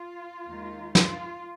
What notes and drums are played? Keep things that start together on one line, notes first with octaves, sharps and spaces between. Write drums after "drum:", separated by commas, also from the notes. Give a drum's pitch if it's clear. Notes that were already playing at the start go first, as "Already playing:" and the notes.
Already playing: F4
D#2 D#3 G#3 D#4
F4, drum: snare